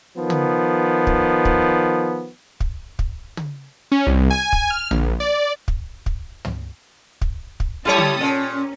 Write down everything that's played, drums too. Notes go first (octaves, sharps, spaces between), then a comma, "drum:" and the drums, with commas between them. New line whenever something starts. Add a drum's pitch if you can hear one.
D#3 F3 B3
drum: tom
drum: kick
drum: kick
drum: kick
drum: kick
drum: tom
C#4
C2
G#5
drum: kick
F6
A#1, drum: tom
D5
drum: kick
drum: kick
drum: tom
drum: kick
drum: kick
G3 E4 G4 A4 C#5 D#6
drum: tom
A#2 C#4